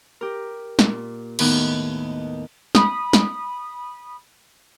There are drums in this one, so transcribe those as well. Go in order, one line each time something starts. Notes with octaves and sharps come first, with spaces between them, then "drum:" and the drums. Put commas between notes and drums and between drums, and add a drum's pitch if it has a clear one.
G4 A#4
A#2, drum: snare
D#2 A2 D#3 B3 D#4 F#6, drum: cymbal
B5 D#6, drum: snare
drum: snare